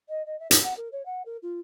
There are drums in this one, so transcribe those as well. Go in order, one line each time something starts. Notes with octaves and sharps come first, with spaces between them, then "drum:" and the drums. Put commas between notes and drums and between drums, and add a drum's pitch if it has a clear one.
D#5
D#5
E5
D#4, drum: hi-hat
F#5
A#4
C#5
F#5
A#4
F4